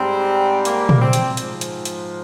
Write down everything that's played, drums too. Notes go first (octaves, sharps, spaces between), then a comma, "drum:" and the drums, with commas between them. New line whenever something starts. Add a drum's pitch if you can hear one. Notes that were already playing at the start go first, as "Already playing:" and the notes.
Already playing: G#2 G3 C4
A#3, drum: hi-hat
drum: tom A#2
C4
drum: hi-hat
G#2 F3, drum: hi-hat
drum: hi-hat
drum: hi-hat